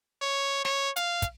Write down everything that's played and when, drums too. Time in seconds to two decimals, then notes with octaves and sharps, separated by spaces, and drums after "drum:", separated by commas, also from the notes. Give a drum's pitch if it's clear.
0.22 C#5
0.65 C#5, drum: snare
0.96 F5, drum: hi-hat
1.22 drum: kick, hi-hat